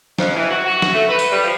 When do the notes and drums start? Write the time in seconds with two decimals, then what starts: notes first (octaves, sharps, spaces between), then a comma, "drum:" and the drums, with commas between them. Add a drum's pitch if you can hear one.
0.19 F2, drum: snare
0.35 E3
0.50 F#4
0.65 F#4
0.82 drum: snare
0.93 A3
1.09 B4
1.19 drum: tambourine
1.31 G3
1.43 F3